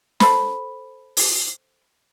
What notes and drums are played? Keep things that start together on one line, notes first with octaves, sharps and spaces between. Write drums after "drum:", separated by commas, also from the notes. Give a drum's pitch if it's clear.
A4 C5 B5, drum: snare
drum: open hi-hat